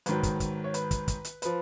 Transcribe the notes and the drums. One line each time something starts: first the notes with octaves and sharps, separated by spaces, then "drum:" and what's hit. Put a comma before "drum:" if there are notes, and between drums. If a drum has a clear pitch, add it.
G#2 D#3 F#3 B4, drum: hi-hat
drum: kick, hi-hat
drum: kick, hi-hat
C#5
B4, drum: hi-hat
drum: kick, hi-hat
drum: kick, hi-hat
drum: hi-hat
F3 B4, drum: hi-hat